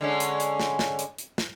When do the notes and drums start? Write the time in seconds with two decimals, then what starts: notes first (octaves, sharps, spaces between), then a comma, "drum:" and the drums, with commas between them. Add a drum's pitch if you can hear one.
0.01 D3 G#3 C#4
0.20 drum: hi-hat
0.40 drum: hi-hat
0.60 drum: snare
0.79 drum: snare
0.99 drum: hi-hat
1.18 drum: hi-hat
1.38 drum: snare